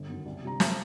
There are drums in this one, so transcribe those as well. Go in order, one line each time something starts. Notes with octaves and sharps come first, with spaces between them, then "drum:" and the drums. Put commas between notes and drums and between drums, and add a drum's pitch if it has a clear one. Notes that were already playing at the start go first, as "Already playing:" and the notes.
Already playing: G1
F#2 D#3 F#3
C2
C3 G3 D4 A#5
A5, drum: snare